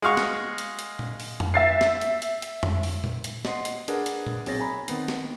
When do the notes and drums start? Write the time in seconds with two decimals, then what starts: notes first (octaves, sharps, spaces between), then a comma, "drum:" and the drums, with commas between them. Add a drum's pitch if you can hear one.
0.02 G#3 F#4 F5 C#6
0.17 drum: snare
0.58 drum: hi-hat
0.79 drum: hi-hat
0.99 drum: tom A#2
1.20 drum: open hi-hat
1.40 drum: tom F2
1.54 E5 A6 C7
1.81 drum: snare
2.01 drum: hi-hat
2.22 drum: hi-hat
2.42 drum: hi-hat
2.63 drum: tom F2
2.83 drum: open hi-hat
3.04 drum: tom A#2
3.24 drum: hi-hat
3.45 D#5 F#5 C6 C7, drum: snare
3.65 drum: hi-hat
3.88 D4 G#4 A#4 B4 F#5, drum: hi-hat
4.06 drum: hi-hat
4.27 drum: tom A#2
4.46 B1 C4 G#4 C#5 A6 A#6, drum: open hi-hat
4.60 G#5 A#5 B5
4.88 D#3 B3 C4, drum: hi-hat
5.08 drum: snare